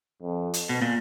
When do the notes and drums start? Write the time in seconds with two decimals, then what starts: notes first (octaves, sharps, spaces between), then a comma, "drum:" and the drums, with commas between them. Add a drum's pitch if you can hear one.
0.22 F2
0.54 drum: hi-hat
0.69 B2
0.82 A#2